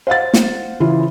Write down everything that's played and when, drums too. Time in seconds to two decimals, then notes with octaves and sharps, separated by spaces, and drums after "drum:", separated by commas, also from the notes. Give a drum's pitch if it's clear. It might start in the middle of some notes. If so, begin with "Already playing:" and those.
0.07 C5 F5 F#5 A6
0.34 drum: snare
0.80 C#3 E3 E4 F4